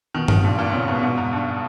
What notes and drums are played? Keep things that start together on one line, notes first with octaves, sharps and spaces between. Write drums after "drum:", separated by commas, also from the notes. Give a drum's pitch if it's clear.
B2 D#3
B2 D#3, drum: tom G2
G2 A#2
G2 A#2
A#2 C#3
G#2 B2
G#2 B2
G#2
G2